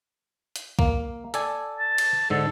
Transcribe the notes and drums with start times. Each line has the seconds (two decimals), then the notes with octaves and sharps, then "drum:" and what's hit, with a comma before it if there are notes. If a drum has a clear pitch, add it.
0.56 drum: hi-hat
0.79 A#3, drum: kick
1.34 A4 D5 G#5, drum: hi-hat
1.79 A5
1.98 drum: cymbal
2.30 G#2 D3 A4